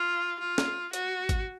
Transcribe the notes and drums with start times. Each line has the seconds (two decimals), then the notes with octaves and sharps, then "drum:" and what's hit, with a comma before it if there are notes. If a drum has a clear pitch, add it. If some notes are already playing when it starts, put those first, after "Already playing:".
Already playing: F4
0.40 F4
0.58 drum: snare
0.93 F#4, drum: hi-hat
1.29 drum: kick G#1, hi-hat